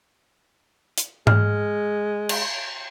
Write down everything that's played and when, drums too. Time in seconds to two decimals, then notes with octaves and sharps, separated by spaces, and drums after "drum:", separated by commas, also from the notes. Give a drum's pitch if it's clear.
0.98 drum: hi-hat
1.27 G#3 F6, drum: tom G#2
2.29 drum: cymbal